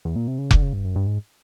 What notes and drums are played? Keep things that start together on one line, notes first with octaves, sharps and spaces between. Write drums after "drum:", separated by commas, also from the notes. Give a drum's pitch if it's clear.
E2
A#2
C3
C#3
D3, drum: kick F1
C#3
G2
F#2
G2
G#2